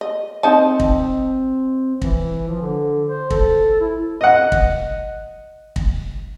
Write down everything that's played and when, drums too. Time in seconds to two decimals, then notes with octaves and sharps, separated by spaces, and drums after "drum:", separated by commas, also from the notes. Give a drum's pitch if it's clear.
0.01 D#5
0.43 C4 D#4 D#5 A5
0.80 drum: kick
2.02 E3, drum: kick
2.48 F3
2.62 D3
3.07 C5
3.30 A4, drum: kick
3.80 E4
4.21 D#5 F#5
4.52 drum: kick
5.76 drum: kick